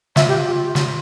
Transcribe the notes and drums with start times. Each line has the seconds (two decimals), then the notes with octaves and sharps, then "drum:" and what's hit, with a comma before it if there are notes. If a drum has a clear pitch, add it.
0.16 F4 E5, drum: snare
0.28 G4
0.75 drum: snare